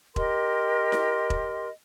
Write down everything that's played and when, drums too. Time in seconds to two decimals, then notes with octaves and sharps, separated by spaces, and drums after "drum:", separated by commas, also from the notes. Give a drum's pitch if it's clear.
0.16 G4 A#4 D#5 C6, drum: kick E1
0.92 drum: snare E4
1.30 drum: kick E1